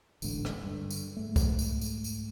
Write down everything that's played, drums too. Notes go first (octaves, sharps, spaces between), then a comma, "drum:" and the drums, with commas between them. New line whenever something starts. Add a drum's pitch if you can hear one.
D1 A1 G#2 D3, drum: tambourine
drum: rim click
G2 D3
drum: tambourine
G#2 A3
drum: kick C2, tambourine
drum: tambourine
drum: tambourine
drum: tambourine